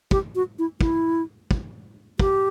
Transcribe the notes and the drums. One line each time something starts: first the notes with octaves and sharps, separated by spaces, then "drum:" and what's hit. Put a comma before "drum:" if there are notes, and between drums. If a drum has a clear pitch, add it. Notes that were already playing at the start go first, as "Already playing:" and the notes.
G4, drum: kick
F#4
E4
E4, drum: kick
drum: kick
G4, drum: kick